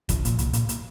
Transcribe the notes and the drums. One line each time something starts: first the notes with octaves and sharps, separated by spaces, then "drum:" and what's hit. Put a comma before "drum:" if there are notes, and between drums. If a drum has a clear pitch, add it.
C2 F3, drum: kick, hi-hat
A#2, drum: hi-hat
C2, drum: hi-hat
A#2, drum: hi-hat
drum: hi-hat